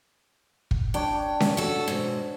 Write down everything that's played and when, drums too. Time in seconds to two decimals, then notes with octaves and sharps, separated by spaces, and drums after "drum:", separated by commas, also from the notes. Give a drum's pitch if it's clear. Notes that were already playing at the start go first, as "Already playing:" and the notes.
0.71 drum: kick
0.94 D4 C#5 G5
1.40 drum: snare C#4
1.57 F#4 A4
1.88 G#2 B2